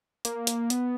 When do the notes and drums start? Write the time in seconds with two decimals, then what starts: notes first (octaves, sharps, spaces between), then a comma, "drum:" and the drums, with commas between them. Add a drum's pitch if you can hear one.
0.25 A#3, drum: hi-hat
0.47 drum: hi-hat
0.70 B3, drum: hi-hat